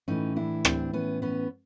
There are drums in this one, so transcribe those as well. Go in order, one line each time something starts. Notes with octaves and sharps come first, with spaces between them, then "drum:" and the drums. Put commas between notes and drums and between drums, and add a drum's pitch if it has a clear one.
A2 E3 C#4 D#4
D4 E4
C4 D4, drum: rim click
B3 C#4
B3 C#4